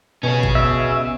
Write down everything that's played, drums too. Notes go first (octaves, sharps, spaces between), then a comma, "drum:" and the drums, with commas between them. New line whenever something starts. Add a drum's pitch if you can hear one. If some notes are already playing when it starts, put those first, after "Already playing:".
B2 C#4 G#4
drum: kick G1
E5